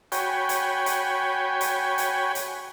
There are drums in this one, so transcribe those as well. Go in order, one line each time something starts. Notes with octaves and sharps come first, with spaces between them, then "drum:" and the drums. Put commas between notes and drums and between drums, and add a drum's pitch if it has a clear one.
F#4 C#5 G5 G#5 B5, drum: hi-hat
drum: hi-hat
drum: hi-hat
drum: hi-hat
drum: hi-hat
drum: hi-hat